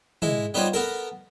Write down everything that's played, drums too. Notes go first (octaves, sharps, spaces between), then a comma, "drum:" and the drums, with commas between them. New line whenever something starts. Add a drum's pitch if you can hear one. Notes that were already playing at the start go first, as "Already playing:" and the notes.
G#3 E4, drum: tom
G3 B3 D#4 F4 C5 C#5
B3 A4 A#4